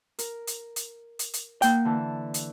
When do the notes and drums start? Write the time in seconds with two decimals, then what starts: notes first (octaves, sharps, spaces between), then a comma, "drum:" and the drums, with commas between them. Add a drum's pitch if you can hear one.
0.19 A#4, drum: hi-hat
0.47 drum: hi-hat
0.76 drum: hi-hat
1.19 drum: hi-hat
1.34 drum: hi-hat
1.62 A#3 F#5 G5, drum: hi-hat
1.85 D3 E3 A5
2.34 drum: hi-hat